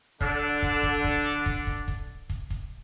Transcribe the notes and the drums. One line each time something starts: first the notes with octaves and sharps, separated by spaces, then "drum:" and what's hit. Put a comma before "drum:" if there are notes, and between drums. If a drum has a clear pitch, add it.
D3 D4, drum: kick
drum: kick
drum: kick
drum: kick
drum: kick
drum: kick
drum: kick
drum: kick
drum: kick